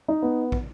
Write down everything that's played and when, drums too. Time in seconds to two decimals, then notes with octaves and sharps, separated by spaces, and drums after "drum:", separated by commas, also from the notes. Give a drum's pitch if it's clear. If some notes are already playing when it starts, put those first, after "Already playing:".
0.08 D#4
0.22 B3
0.52 drum: kick